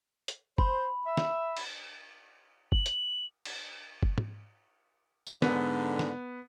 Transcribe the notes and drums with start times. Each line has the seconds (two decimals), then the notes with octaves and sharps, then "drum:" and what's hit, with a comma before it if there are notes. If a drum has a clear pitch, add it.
0.28 drum: hi-hat
0.58 C5 B5, drum: kick F#1
1.06 E5
1.17 drum: snare
1.57 drum: cymbal
2.72 F#7, drum: kick F#1
2.86 drum: hi-hat
3.45 drum: cymbal
4.03 drum: kick F#1
4.18 drum: tom
5.27 drum: tambourine
5.42 G#2 D3 B3, drum: snare
5.99 drum: snare